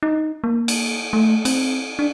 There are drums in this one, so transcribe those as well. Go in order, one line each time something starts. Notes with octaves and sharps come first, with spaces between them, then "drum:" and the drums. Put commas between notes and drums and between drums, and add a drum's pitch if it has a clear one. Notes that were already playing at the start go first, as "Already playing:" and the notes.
D#4
A#3
drum: cymbal
A3
C4, drum: cymbal
D4